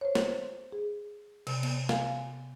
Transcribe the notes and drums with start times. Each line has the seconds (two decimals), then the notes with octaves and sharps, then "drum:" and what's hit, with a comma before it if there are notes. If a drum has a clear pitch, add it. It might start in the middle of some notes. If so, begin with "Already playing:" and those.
0.01 C5 C#5
0.15 drum: snare
0.72 G#4
1.47 C3, drum: cymbal
1.63 B3, drum: cymbal
1.89 F5 G#5, drum: snare